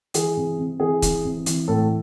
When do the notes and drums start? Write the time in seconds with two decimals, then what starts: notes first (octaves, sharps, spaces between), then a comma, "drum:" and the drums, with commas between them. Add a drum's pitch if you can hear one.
0.14 E3 G#4, drum: hi-hat
0.37 C3
0.58 C3
0.80 E3 G#4
1.02 E3, drum: kick C#1, hi-hat
1.24 C3
1.46 E3, drum: hi-hat
1.68 A2 A4